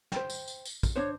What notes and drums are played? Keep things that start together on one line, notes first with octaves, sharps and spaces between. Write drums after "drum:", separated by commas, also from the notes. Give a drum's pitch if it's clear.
C5 G5, drum: snare
drum: tambourine
drum: tambourine
drum: tambourine
drum: kick, tambourine
D4 D#4 C5 C#5